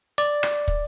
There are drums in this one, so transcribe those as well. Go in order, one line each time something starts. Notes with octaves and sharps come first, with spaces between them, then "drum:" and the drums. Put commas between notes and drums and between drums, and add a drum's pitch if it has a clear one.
D5
drum: rim click
drum: kick